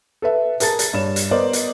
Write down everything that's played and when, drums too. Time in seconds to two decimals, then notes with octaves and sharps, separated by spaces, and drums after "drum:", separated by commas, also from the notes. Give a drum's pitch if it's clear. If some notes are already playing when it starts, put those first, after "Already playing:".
0.22 A4 B4 E5
0.60 G#4 A#4 A5 A6, drum: hi-hat
0.79 drum: hi-hat
0.93 G2 C#5 E7
1.16 drum: hi-hat
1.31 B3 A#4 C5 D5 D#5
1.53 drum: hi-hat